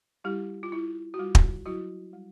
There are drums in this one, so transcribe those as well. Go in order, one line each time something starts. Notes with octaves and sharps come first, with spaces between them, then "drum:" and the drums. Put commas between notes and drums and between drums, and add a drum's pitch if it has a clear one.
G3 E4 G4
F4
E4
F#4
G3 F4
drum: kick
F#3 E4 F#4
G3